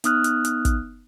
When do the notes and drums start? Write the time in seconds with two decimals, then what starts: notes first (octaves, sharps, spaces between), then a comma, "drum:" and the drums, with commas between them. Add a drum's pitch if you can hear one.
0.04 B3 D#4 D#6 F6 F#6, drum: hi-hat
0.24 drum: hi-hat
0.45 drum: hi-hat
0.65 drum: kick, hi-hat